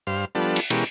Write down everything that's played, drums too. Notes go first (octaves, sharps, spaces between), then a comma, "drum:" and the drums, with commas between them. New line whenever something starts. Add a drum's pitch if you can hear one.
G2 C5 F5
F3 G3 B3 D4 A4
drum: cymbal
B2 E3 G#3 C#4 G4 A#4, drum: cymbal